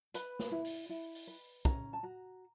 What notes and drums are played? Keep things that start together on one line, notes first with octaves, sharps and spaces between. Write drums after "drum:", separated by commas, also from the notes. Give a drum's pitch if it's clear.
B4 B5, drum: hi-hat
drum: snare
E4
drum: open hi-hat
E4
drum: open hi-hat
B4
C#4 A#5, drum: kick, hi-hat
A5
F#4 A#5